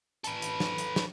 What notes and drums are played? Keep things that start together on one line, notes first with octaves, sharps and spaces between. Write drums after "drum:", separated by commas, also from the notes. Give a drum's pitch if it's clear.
A4 B4, drum: hi-hat
drum: hi-hat
drum: snare
drum: hi-hat
drum: snare